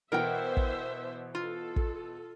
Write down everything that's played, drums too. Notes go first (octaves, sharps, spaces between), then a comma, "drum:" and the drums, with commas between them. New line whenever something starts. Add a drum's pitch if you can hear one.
B2 E3 A#4 C5 E5 F#5 G5
drum: kick
F4 A4
drum: kick